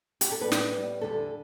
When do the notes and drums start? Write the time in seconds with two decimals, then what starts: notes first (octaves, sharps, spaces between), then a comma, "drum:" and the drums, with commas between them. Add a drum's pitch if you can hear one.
0.21 G4, drum: hi-hat
0.32 A4
0.41 A2 G3 B3 B4
0.52 drum: snare
0.71 A2 G3 B3
1.01 E2 D3 G3 A4